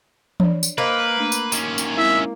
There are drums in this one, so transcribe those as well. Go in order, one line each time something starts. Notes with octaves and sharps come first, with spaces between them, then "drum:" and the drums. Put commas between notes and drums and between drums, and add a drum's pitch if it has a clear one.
D4 C#5 D5, drum: tom E3
drum: tambourine
A#3 B4 C5 D#5 C6
A3 D4
drum: tambourine
D#3 C#4 C6, drum: tambourine
drum: tambourine
G#3 C4 E4 E5